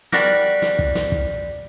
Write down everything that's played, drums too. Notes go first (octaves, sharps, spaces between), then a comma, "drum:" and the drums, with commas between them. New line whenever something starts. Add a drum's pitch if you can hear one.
G3 D4 F#4 G4 A#4, drum: snare
drum: snare
drum: kick
drum: snare
drum: kick